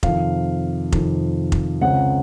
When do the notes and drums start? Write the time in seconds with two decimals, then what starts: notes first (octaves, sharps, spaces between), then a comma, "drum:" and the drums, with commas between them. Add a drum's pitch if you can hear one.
0.03 F2 C3 D#3 F5, drum: kick F1
0.92 F2 C3 D#3, drum: kick F1
1.52 drum: kick F1
1.81 C#2 C#3 G#3 C4 F#5